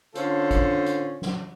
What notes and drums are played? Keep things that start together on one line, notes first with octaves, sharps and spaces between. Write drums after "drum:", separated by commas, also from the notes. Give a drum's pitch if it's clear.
D3 C#4 F4 A4 C5, drum: hi-hat
drum: kick, hi-hat
drum: hi-hat
drum: snare